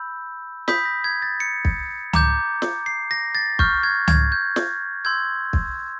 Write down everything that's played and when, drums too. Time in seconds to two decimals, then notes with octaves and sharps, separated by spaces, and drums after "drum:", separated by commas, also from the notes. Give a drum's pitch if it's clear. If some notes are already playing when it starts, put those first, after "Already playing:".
Already playing: B5 E6 G6
0.68 B5 D#6 G6 B6, drum: snare
0.85 A#6
1.04 G#6
1.22 A6
1.40 C#7
1.65 drum: kick
2.13 A#5 D6 G6, drum: tom C#2
2.62 drum: snare
2.86 C7
3.11 A#6
3.35 A6
3.59 C#6 F6 G6, drum: kick
3.83 G#6
4.08 G#6, drum: tom C#2
4.32 G6
4.56 drum: snare
5.05 C6 E6 G6 G#6
5.53 drum: kick